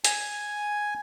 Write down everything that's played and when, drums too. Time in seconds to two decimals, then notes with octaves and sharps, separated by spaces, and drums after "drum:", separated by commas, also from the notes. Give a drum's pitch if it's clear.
0.04 G#5, drum: hi-hat